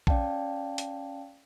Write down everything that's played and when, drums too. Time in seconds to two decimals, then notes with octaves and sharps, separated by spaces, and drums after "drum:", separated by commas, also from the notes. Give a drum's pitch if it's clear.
0.07 C#4 D5 F5 G5 A5, drum: kick A#1
0.78 drum: hi-hat